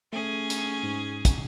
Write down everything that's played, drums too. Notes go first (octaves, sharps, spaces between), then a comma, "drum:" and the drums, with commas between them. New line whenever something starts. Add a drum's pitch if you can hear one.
A3 C#4 G#4
drum: hi-hat
G#2
drum: kick, hi-hat